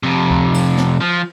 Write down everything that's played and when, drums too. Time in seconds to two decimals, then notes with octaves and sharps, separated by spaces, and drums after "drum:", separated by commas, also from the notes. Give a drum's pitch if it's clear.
0.03 F2 C3
0.31 drum: kick C#2
0.54 drum: cymbal
0.77 drum: snare
1.01 F3